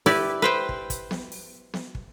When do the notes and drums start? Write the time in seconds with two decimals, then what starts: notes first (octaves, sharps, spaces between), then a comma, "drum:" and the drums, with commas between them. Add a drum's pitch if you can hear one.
0.06 E4 G4 B4 D5, drum: open hi-hat
0.42 B4 C5 G5
0.69 drum: kick
0.90 drum: kick, hi-hat
1.11 drum: snare B3
1.32 drum: open hi-hat
1.74 drum: snare B3
1.95 drum: kick